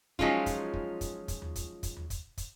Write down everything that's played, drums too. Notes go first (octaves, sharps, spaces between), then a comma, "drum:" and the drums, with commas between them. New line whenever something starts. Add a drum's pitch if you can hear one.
F3 F#3 G#3 C#4 D#4 F4, drum: kick
drum: kick, hi-hat
drum: kick
drum: kick, hi-hat
drum: kick, hi-hat
drum: tom D#2
drum: kick, hi-hat
drum: kick, hi-hat
drum: tom D#2
drum: kick, hi-hat
drum: kick, hi-hat